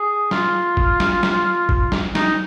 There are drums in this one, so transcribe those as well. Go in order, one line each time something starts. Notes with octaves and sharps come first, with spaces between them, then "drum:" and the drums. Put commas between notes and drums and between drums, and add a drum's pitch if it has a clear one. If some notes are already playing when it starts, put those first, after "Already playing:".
Already playing: G#4
F4, drum: snare
drum: kick
drum: snare
drum: snare
drum: kick
drum: snare
D#4, drum: snare